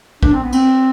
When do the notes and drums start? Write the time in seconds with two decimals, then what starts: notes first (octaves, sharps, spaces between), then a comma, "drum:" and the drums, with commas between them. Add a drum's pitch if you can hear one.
0.23 D4, drum: kick
0.33 C4
0.43 B3
0.52 C4, drum: cymbal